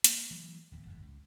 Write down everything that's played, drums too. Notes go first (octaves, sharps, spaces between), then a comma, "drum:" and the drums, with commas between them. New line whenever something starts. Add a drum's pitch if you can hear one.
A#3, drum: hi-hat
E3 F#3 G#3 A#3
D1 E2
F#1 E2 G#2
C#2